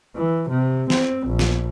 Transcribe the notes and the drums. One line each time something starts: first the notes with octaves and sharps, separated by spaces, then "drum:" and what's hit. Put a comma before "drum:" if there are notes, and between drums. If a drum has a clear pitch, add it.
E3
C3
C4, drum: snare
A#1
drum: snare